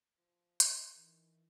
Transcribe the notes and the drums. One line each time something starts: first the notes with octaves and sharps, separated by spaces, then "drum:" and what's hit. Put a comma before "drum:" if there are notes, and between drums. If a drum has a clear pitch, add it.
F3
G#4, drum: hi-hat
A#3
D#3 E3